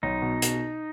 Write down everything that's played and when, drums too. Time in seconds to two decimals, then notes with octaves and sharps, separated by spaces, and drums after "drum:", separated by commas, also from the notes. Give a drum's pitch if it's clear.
0.03 B1 D#4
0.22 B2
0.42 B2, drum: hi-hat